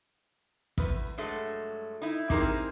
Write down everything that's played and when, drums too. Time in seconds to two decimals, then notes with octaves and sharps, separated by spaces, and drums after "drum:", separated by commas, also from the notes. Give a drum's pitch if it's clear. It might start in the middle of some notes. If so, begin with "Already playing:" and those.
0.78 E2 B4, drum: kick
1.18 G2 F#3 G#3 A3
2.02 D#4 E4
2.30 C4 D#4 E4 G4 G#4 A#4, drum: kick